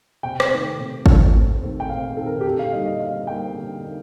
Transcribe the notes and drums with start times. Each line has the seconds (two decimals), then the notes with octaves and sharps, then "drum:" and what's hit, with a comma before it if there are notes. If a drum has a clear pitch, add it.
0.23 C3 G5
0.40 drum: rim click
0.51 D#3 A3 C4
0.78 C3
1.06 D#3 A3 C4, drum: kick G#1
1.34 C3
1.62 D#3 A3 C4
1.80 G5
1.89 C3 F5
2.17 D#3 A3 C4 A4
2.26 A#4
2.41 G4
2.44 D3 A4
2.59 F5
2.72 G3 A#3 D#4 D#5
2.86 D#5
3.00 D3 F5
3.27 G3 A#3 D#4 G5
3.56 D3
3.84 A#3 D#4